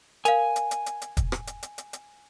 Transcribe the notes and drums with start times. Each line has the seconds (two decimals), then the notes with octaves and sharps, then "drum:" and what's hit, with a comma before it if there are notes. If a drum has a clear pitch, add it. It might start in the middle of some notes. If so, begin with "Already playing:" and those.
0.25 A#4 F5 G#5, drum: hi-hat
0.56 drum: hi-hat
0.71 drum: hi-hat
0.86 drum: hi-hat
1.02 drum: hi-hat
1.17 drum: kick, hi-hat
1.32 drum: rim click
1.47 drum: hi-hat
1.63 drum: hi-hat
1.78 drum: hi-hat
1.93 drum: hi-hat